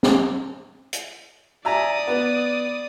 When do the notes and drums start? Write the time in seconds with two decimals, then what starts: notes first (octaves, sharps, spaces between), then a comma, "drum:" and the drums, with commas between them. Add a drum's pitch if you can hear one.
0.03 drum: snare
0.93 drum: hi-hat
1.65 D5 E5 G#5 A#5 D#6
2.08 B3